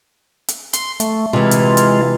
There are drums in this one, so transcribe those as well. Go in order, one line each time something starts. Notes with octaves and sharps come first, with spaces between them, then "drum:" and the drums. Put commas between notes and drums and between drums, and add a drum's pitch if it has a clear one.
drum: hi-hat
C6, drum: hi-hat
A3, drum: hi-hat
C3 E3 G#3 F4
drum: hi-hat
drum: hi-hat